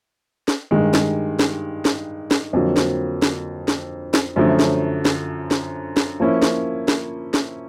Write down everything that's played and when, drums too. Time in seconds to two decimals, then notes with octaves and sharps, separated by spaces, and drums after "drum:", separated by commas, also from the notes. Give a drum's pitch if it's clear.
0.48 drum: snare
0.71 G2 D#3 G#3
0.94 drum: snare
1.39 drum: snare
1.85 drum: snare
2.31 drum: snare
2.53 F2 D3 F#3 A#3
2.77 drum: snare
3.22 drum: snare
3.68 drum: snare
4.14 drum: snare
4.36 F#2 D3 F3 A3
4.59 drum: snare
5.05 drum: snare
5.51 drum: snare
5.97 drum: snare
6.20 F3 A#3 C#4 E4
6.42 drum: snare
6.88 drum: snare
7.34 drum: snare